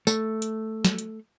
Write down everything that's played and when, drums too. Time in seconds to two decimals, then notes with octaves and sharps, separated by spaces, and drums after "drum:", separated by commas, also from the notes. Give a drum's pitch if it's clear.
0.07 A3, drum: tambourine
0.42 drum: hi-hat
0.85 drum: snare
0.98 drum: hi-hat